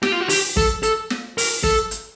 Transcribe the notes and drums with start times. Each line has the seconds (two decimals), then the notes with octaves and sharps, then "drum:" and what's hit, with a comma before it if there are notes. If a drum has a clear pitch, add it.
0.03 G4, drum: snare
0.12 F4
0.20 F#4
0.29 G4, drum: open hi-hat
0.57 A4, drum: kick
0.83 A4, drum: hi-hat
1.10 drum: snare
1.38 A#4, drum: open hi-hat
1.64 A4, drum: kick
1.91 drum: hi-hat